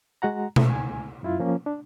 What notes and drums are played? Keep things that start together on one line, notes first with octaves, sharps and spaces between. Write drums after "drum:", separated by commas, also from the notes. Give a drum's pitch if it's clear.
G#3 F#4 F#5 A#5
A3, drum: tom B2
C#2 G#5
F#2 E4 F4
F3 A#3 C#4
D4